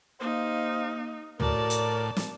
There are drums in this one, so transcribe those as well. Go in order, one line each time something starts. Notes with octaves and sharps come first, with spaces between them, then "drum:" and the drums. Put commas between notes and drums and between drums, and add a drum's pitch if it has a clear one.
A#3 D#4 G4 C5 F5
A2 F#4 A#4 D5 A5, drum: tom
drum: hi-hat
drum: snare